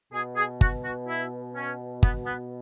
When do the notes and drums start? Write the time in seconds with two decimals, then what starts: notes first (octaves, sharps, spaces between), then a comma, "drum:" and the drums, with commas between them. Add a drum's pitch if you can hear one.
0.13 B2 G#4
0.36 G#4
0.61 F#4, drum: kick G1
0.84 F#4
1.08 E4
1.55 C#4
2.03 B3, drum: kick G1
2.26 B3